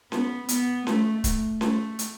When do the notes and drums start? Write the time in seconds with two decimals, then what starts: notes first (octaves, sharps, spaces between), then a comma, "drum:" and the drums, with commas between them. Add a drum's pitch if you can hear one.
0.12 B3, drum: snare C#4
0.49 B3, drum: hi-hat
0.87 A3, drum: snare C#4
1.24 drum: kick C#1, hi-hat
1.61 A3, drum: snare C#4
1.99 drum: hi-hat